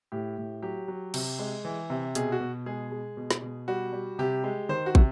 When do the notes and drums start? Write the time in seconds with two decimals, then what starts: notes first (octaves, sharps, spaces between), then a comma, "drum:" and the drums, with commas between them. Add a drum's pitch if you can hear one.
0.12 A2 G4
0.38 A2
0.62 F#3 G4
0.88 F#3
1.14 C3, drum: cymbal
1.39 G#3
1.65 E3
1.90 C3
2.15 B2 G#4, drum: hi-hat
2.32 F#4
2.40 B2
2.66 G#3 G#4
2.92 G#3
3.17 B2
3.31 drum: snare
3.42 B2
3.68 G3 F#4
3.93 G3
4.19 C3 G4
4.44 G#3
4.69 D#3 C5
4.86 F#4
4.95 C3, drum: kick